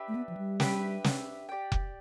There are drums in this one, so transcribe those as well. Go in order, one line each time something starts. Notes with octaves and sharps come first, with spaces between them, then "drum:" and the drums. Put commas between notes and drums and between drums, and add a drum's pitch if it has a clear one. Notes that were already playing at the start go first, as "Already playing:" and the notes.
Already playing: D4 G4 B4 E5
A3
B3
F3
G3
D4 G4 B4 E5, drum: snare
drum: snare
G4 D5 G5
drum: kick F1